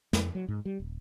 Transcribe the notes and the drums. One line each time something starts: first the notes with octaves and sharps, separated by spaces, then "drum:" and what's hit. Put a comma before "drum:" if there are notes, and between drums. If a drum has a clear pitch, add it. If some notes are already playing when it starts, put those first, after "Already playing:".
F2, drum: snare
F#3
G#2
G3
D#1